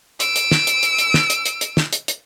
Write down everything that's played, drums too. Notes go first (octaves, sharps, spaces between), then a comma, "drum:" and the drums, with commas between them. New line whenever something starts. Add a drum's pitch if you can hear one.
E6 D7, drum: hi-hat
drum: hi-hat
drum: snare
drum: hi-hat
drum: hi-hat
drum: hi-hat
drum: snare
drum: hi-hat
drum: hi-hat
drum: hi-hat
drum: snare
drum: hi-hat
drum: hi-hat